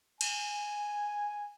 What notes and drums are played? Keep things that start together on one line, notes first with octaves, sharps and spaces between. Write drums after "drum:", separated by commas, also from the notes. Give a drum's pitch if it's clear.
G#5, drum: cymbal